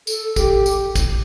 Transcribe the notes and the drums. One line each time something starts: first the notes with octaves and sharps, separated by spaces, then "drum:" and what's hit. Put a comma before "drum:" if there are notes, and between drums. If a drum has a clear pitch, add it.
A4, drum: tambourine
G4, drum: kick, tambourine
drum: tambourine
drum: kick, tambourine